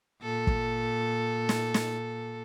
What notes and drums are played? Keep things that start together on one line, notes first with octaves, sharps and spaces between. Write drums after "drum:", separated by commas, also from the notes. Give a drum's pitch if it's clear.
A#2 A4
drum: kick
drum: snare
drum: snare